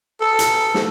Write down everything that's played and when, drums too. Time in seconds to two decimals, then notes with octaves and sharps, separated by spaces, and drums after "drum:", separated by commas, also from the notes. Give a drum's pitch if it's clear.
0.21 A4
0.39 drum: hi-hat
0.74 drum: snare